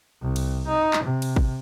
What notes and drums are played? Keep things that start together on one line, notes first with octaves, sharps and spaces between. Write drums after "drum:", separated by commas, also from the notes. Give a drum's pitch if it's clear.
C2
drum: cymbal
D#4
drum: clap
C3
drum: cymbal
drum: kick